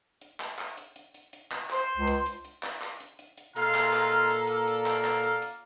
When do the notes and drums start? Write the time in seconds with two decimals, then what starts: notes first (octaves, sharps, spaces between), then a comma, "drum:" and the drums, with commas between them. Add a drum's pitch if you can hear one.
0.21 drum: hi-hat
0.40 drum: clap
0.59 drum: clap
0.77 drum: hi-hat
0.96 drum: hi-hat
1.14 drum: hi-hat
1.33 drum: hi-hat
1.52 drum: clap
1.70 C5 C6, drum: clap
1.97 C#2
2.07 drum: hi-hat
2.26 drum: hi-hat
2.45 drum: hi-hat
2.63 drum: clap
2.82 drum: clap
3.00 drum: hi-hat
3.19 drum: hi-hat
3.37 drum: hi-hat
3.56 A#2 G#3 F4 A4 F5 A#5, drum: hi-hat
3.75 drum: clap
3.93 drum: clap
4.12 drum: hi-hat
4.30 drum: hi-hat
4.47 D5 F5, drum: hi-hat
4.68 drum: hi-hat
4.86 drum: clap
5.05 drum: clap
5.23 drum: hi-hat
5.42 drum: hi-hat